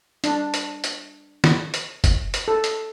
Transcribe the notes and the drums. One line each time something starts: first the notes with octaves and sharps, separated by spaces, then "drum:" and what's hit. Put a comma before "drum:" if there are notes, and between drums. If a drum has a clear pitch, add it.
D4, drum: hi-hat
drum: hi-hat
drum: hi-hat
drum: snare
drum: hi-hat
drum: kick F1, hi-hat
drum: hi-hat
A4
drum: hi-hat